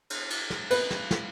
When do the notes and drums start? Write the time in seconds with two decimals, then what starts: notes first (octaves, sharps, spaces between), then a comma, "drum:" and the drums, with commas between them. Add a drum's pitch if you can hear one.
0.10 drum: cymbal
0.30 drum: cymbal
0.50 drum: snare
0.71 B4, drum: cymbal
0.91 drum: snare
1.11 drum: snare